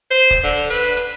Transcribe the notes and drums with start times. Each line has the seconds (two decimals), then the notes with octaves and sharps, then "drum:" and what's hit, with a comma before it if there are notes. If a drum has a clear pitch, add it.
0.11 C5
0.31 drum: kick, open hi-hat
0.44 D3
0.70 B4
0.83 drum: hi-hat
0.97 drum: hi-hat